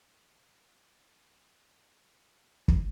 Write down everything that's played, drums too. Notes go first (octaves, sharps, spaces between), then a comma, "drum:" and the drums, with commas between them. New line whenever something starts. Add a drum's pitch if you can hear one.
F1 C3
G#2
C2
drum: kick